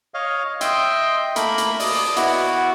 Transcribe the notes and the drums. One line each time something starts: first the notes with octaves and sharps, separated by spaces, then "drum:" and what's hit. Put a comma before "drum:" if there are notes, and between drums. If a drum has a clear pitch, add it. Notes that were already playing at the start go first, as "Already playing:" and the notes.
C#5 D#5 F5
D#5 E5 G5 C6, drum: hi-hat
A3 A#3 A#4 B5, drum: hi-hat
drum: hi-hat
D5 D#5, drum: open hi-hat
B3 E4 F#4, drum: hi-hat